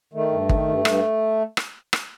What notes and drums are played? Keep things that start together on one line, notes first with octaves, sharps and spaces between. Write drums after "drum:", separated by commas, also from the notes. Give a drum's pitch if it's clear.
D#3 A3
G2
D#3, drum: kick
G2
G2, drum: rim click
drum: rim click
drum: rim click